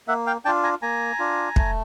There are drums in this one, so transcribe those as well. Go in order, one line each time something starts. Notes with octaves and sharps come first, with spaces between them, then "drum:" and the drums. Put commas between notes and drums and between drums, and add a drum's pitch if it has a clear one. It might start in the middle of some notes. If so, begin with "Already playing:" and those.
A#3 E5 F#5
F5 G5
D4 F4 G5 A5
G#5 A#5
A#3 G#5 A#5
D4 F4
A3, drum: kick